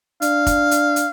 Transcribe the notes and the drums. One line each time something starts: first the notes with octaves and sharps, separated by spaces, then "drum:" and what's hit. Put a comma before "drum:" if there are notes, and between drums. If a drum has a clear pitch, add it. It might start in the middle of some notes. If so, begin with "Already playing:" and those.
D4 F5, drum: hi-hat
drum: kick, hi-hat
drum: hi-hat
drum: hi-hat